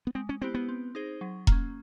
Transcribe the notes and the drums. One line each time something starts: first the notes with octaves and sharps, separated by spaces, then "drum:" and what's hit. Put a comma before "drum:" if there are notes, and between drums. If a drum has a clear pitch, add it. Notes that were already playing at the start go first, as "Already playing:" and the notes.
B3
G#3 C4
C#4
B3 C4 E4 G4 C5
B3
C4
D#4 G#4 C5
F#3
A#3, drum: kick E1
C#4